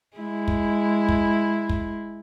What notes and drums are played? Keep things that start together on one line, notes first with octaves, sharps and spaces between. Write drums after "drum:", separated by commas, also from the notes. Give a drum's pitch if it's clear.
G#3 E4
drum: kick
drum: kick
drum: kick